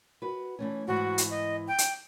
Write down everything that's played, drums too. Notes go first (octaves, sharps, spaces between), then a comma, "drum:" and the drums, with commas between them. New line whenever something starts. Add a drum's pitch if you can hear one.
F#4 B4
E3 A3 C#4
G#2 E3 F#4
drum: hi-hat
D#5
G5
drum: hi-hat